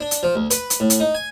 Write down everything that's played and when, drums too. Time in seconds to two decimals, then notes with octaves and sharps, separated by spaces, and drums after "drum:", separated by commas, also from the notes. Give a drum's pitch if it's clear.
0.01 D4
0.11 drum: hi-hat
0.23 F3
0.36 D2
0.50 B4, drum: hi-hat
0.70 drum: hi-hat
0.80 A2
0.90 drum: hi-hat
1.00 D#4
1.15 G#5